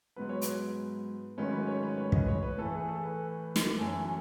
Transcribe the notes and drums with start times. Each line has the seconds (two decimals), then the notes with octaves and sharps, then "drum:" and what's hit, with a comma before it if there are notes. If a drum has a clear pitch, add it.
0.16 G#2 F#3 B3 B4
0.29 C#5
0.42 B4, drum: hi-hat
1.37 G#2 D#3 F#3 A3 C#4 B4
1.53 B4
1.67 C#5
1.83 B4
1.97 C#5
2.12 D#5, drum: kick
2.21 B4
2.28 C#5
2.43 B4
2.58 A2 E3 A3 A4
2.73 G#4
2.89 A4
3.03 B4
3.56 drum: snare
3.78 F#2 E3 A3 C#4 A4